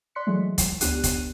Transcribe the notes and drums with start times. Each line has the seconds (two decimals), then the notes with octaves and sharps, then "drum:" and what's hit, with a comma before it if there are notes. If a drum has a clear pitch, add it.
0.15 D5 C6 F#6 B6 C#7
0.27 E3 F#3 G#3 A3
0.58 drum: kick F1, hi-hat
0.81 D2 B3 D4 G4 F#6 D#7, drum: hi-hat
1.04 drum: kick F1, hi-hat